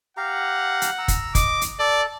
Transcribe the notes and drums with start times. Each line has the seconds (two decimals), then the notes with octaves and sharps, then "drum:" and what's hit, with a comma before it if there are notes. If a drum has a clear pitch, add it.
0.17 G4 F5 F#5 A#5
0.82 drum: hi-hat
0.98 A#5 E6
1.08 drum: kick, hi-hat
1.35 D#5 D6, drum: kick, hi-hat
1.61 drum: hi-hat
1.79 A4 D5 A5